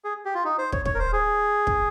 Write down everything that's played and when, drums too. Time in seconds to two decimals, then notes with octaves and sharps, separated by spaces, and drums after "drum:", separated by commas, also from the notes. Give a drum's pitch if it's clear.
0.04 G#4
0.25 G4
0.34 F4
0.45 D#4
0.58 C5
0.72 C#5, drum: kick
0.85 C#5, drum: kick
0.95 A#4
0.99 C5
1.13 G#4
1.67 drum: kick